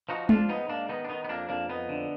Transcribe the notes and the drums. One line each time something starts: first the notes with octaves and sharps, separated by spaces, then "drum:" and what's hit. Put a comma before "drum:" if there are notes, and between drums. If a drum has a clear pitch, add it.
F3 D#4 F#4
F3 D4 F4, drum: tom G#3
G#2 B3 D#4
G#2 A#3 D4
D#3 B3 D#4
D4
D#3 B3 D#4
B3
F2 A#3 D4
F2 A#3 D4
F2 B3 D#4
D3